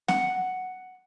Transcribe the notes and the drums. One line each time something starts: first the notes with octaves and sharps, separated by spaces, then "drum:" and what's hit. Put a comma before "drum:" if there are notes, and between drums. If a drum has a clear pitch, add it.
F#5, drum: snare C4